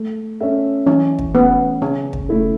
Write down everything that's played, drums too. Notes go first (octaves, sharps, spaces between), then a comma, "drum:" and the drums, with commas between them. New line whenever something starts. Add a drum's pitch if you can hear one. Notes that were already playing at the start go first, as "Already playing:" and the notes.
Already playing: A3
C#4 A4 E5
E3 C#4
drum: kick
A3 B3 C#4
C#3 C#4
drum: kick
A3 E4 A4